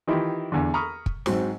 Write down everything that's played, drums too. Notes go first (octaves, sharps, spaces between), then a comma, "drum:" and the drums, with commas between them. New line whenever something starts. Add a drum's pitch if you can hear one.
D#3 E3 E4 F4 G4
E2 D3
A#5 B5 C#6 D#6 F6
drum: kick
G#2 F#3 C4, drum: snare